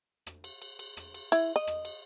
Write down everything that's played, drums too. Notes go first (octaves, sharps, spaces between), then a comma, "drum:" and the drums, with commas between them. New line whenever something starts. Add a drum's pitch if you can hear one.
drum: rim click
drum: cymbal
drum: cymbal
drum: cymbal
drum: rim click
drum: cymbal
E4, drum: cymbal
D#5
drum: rim click
drum: cymbal